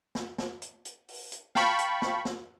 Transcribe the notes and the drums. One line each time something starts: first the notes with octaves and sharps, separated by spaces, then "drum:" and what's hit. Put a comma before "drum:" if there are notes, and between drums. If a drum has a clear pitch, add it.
drum: snare
drum: snare
drum: hi-hat
drum: hi-hat
drum: open hi-hat
drum: hi-hat
F5 G5 A5 B5 C#6, drum: snare
drum: hi-hat
drum: snare
drum: snare